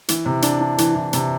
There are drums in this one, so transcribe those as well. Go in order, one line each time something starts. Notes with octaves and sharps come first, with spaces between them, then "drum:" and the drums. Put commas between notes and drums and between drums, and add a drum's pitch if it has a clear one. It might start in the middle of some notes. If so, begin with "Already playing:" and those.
E3, drum: hi-hat
C3
D4, drum: hi-hat
D4
E3, drum: hi-hat
E3
C3, drum: hi-hat